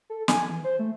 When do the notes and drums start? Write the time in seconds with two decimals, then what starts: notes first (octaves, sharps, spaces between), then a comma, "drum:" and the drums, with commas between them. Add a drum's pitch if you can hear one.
0.10 A4
0.28 G#5, drum: snare
0.50 E3
0.64 C5
0.79 A3